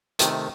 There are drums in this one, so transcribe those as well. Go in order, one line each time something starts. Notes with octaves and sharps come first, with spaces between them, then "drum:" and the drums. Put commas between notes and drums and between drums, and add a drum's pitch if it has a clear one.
C3 D#3 A3, drum: hi-hat